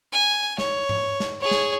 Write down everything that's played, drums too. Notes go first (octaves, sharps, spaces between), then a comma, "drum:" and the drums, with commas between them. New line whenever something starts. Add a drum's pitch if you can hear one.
G#5
C#5, drum: snare
drum: tom G#2
drum: snare
G#4 C#5
drum: snare